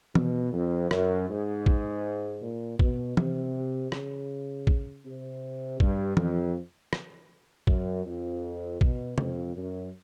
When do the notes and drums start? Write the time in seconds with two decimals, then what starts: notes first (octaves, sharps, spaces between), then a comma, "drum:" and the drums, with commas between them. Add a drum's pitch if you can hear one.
0.15 B2, drum: tom E3
0.53 F2
0.91 F#2, drum: rim click
1.29 G#2
1.66 drum: kick A1
2.42 A#2
2.79 B2, drum: kick A1
3.17 C3, drum: tom E3
3.92 C#3, drum: rim click
4.67 drum: kick A1
5.04 C3
5.80 G2, drum: kick A1
6.17 F2, drum: tom E3
6.93 drum: rim click
7.67 F#2, drum: kick A1
8.05 F2
8.81 B2, drum: kick A1
9.18 F2, drum: tom C3
9.56 F#2